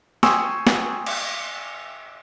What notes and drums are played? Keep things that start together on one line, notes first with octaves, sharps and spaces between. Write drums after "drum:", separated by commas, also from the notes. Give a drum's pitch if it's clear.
G5 G#5 C6 C#6 D#6 E6, drum: snare
drum: snare
drum: cymbal